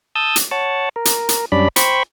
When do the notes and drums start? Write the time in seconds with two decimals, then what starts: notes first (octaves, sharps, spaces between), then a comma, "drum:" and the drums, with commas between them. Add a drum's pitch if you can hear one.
0.15 A5 D#6 E6 G6
0.36 drum: hi-hat
0.51 C#5 F#5 A5
0.96 A#4
1.05 drum: hi-hat
1.29 drum: hi-hat
1.52 F#2 G3 C#4 D4 D5 B5
1.76 C5 G5 B5 C#6, drum: hi-hat